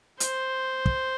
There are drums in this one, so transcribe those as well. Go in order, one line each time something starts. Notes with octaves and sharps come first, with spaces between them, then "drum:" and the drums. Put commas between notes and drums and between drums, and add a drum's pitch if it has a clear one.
C5, drum: hi-hat
drum: kick